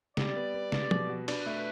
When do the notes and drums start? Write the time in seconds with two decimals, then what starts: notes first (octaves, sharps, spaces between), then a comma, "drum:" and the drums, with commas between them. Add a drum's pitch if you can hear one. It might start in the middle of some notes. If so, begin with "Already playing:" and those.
0.17 G3 D5, drum: snare
0.36 B3
0.54 B3
0.72 G3, drum: snare
0.91 B2, drum: tom F3
1.09 F#4
1.28 D4 B4, drum: cymbal
1.46 A3